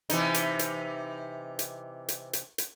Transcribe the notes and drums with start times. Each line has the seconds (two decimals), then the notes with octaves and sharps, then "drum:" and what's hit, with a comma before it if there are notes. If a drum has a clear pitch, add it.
0.10 C3 E3 D#4, drum: hi-hat
0.34 drum: hi-hat
0.59 drum: hi-hat
1.59 drum: hi-hat
2.08 drum: hi-hat
2.33 drum: hi-hat
2.58 drum: hi-hat